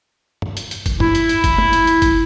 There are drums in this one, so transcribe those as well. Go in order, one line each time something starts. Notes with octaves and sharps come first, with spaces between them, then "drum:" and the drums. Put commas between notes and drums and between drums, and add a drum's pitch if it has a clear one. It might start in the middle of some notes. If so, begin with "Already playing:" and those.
drum: tom
drum: hi-hat
drum: hi-hat
drum: kick F#1, hi-hat
E4, drum: tom
drum: hi-hat
drum: hi-hat
drum: kick F#1, hi-hat
drum: tom
drum: hi-hat
drum: hi-hat
drum: kick F#1, hi-hat